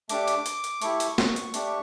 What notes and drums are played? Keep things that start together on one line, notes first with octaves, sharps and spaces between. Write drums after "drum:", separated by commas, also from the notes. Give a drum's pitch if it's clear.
A3 D4 G4 D6, drum: hi-hat
drum: hi-hat
drum: hi-hat
drum: hi-hat
A3 E4 G4 C#6, drum: hi-hat
drum: hi-hat
drum: snare
drum: hi-hat
A3 D4 G4, drum: hi-hat